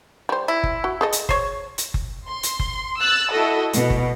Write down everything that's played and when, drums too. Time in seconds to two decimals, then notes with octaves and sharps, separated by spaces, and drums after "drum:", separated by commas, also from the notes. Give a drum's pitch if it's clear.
0.29 G3 C5
0.48 E4
0.63 drum: kick F#1
0.84 F#4
1.01 G#4 A4 D#5
1.12 drum: hi-hat
1.29 C5 C#5, drum: kick F#1
1.78 drum: hi-hat
1.94 drum: kick F#1
2.27 C6
2.43 drum: hi-hat
2.59 drum: kick F#1
3.00 E6 F#6 A6
3.32 E4 F#4 A4 D#5
3.73 B2, drum: hi-hat
3.90 drum: kick F#1